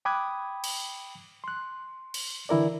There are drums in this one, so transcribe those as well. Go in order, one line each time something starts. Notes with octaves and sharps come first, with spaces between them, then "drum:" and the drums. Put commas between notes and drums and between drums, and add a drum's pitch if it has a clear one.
G5 B5 D6 D#6 F#6 G#6
drum: cymbal
C6 F#6
drum: cymbal
D3 E3 E4 A#4 D5